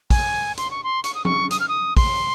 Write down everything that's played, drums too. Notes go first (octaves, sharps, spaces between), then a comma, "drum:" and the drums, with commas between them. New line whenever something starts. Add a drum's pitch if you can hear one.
G#5, drum: kick, open hi-hat
C6, drum: hi-hat
C#6
C6
C#6, drum: hi-hat
D#6
C#6, drum: tom F3
D#6, drum: hi-hat
F6
D#6
C6, drum: kick, open hi-hat